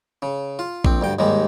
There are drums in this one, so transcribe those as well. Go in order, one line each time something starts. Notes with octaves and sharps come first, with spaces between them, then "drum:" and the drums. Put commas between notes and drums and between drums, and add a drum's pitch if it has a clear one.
C#3
F4
A#1 C4, drum: kick A#1
D2 G2 G5
D#2 G#2 G3 G#3